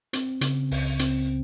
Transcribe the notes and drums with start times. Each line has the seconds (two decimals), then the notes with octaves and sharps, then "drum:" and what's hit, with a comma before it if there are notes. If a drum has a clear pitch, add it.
0.13 C4, drum: hi-hat
0.41 C#3, drum: hi-hat
0.71 C#2, drum: open hi-hat
0.99 C4, drum: hi-hat